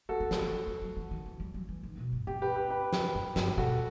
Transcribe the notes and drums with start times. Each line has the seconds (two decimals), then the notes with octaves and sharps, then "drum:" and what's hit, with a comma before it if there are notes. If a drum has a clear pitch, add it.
0.09 B3 F#4 A4
0.20 C4
0.31 A3, drum: snare
0.42 B3
0.52 G3
0.62 A3
0.67 G3
0.82 F#3
0.97 E3
1.11 D#3
1.26 E3
1.40 G3
1.54 F#3
1.69 E3
1.83 D#3
1.98 B2
2.13 G2
2.27 F#2 G4
2.42 G4 B4
2.56 G4 B4
2.71 G4 B4
2.93 drum: snare
3.15 F#2
3.36 G2, drum: snare
3.57 B2 F#4 A4